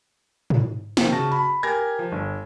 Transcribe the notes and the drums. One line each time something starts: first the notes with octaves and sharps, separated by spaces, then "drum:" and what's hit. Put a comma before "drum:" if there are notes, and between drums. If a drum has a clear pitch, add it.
drum: tom G#2
C3 D#3 F3 C4, drum: snare
C#3 F#4 A5 A#6
B5
G4 A#4 G#5 G#6 A#6
F3
G1